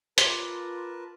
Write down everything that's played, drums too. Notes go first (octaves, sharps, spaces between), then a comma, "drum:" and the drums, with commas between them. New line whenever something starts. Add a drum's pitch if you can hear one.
F4 A#4 B4 A5 C6 D6, drum: hi-hat